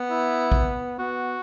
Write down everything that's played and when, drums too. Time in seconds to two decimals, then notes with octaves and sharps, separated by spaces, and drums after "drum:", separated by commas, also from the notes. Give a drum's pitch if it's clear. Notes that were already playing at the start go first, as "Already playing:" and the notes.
Already playing: B3
0.10 E4
0.52 drum: kick
0.99 B3 F#4